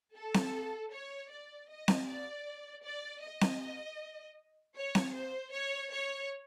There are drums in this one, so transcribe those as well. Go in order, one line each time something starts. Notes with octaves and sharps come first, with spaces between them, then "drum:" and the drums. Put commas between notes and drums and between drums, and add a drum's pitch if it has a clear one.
A4
drum: snare C4
C#5
D5
D#5
drum: snare C4
D5
D5
D#5
drum: snare C4
C#5
drum: snare C4
C5
C#5
C#5